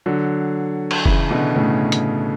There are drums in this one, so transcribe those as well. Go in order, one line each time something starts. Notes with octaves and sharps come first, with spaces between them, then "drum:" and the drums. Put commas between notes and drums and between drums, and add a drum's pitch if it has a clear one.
D3 F#3
drum: cymbal
C#3 E3, drum: kick F1
B2 D3
A2 C#3
drum: hi-hat